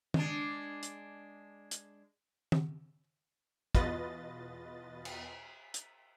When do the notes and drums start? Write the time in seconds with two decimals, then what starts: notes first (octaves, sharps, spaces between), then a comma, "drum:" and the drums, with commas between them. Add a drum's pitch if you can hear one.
0.14 G#3 D4, drum: tom D#3
0.83 drum: hi-hat
1.71 drum: hi-hat
2.52 drum: tom D#3
3.75 E2 B2 F4 B4 D#5 A6, drum: kick
5.05 drum: cymbal
5.74 drum: hi-hat